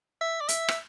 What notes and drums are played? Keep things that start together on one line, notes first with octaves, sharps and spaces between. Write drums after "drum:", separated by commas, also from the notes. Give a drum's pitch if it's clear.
E5
D5
E5, drum: hi-hat
drum: rim click